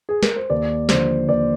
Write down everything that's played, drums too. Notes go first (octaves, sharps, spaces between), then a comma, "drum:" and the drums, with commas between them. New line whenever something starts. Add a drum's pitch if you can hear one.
G#4
A#4, drum: snare
C5
D#2 D5
D3 F3 C5, drum: snare
D#2 D5